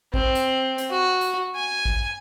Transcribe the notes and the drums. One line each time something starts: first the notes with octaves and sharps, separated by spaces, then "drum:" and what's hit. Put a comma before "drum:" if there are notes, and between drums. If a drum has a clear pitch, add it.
C4, drum: kick G#1
drum: hi-hat
drum: hi-hat
F#4
drum: hi-hat
G#5
drum: kick G#1